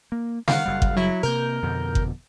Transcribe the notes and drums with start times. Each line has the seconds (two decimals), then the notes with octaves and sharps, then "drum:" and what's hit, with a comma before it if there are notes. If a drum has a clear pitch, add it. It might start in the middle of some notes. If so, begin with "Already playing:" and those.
0.12 A#3
0.48 D#3 F5 F#5, drum: snare
0.65 F#1 G3
0.82 drum: kick G1
0.96 F#3 E4
1.23 C3 A#3 A#4 G6
1.62 F2 B2 D3
1.95 drum: kick G1